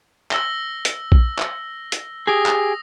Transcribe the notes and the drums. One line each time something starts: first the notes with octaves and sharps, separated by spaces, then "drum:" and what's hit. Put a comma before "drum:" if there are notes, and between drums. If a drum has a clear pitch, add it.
E6 A#6 G7, drum: clap
drum: hi-hat
drum: kick A#1
drum: clap
drum: hi-hat
G4 G#4 D#6 A#6
drum: clap